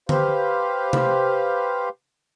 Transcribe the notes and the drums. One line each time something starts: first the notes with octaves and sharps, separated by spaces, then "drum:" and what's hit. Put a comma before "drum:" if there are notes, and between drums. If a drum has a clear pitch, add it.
G4 B4 C5 F5, drum: tom D3
drum: tom C3